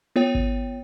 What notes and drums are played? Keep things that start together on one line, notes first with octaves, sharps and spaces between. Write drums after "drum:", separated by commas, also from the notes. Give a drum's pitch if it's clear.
B3 F4 C#5 G5
drum: kick G#1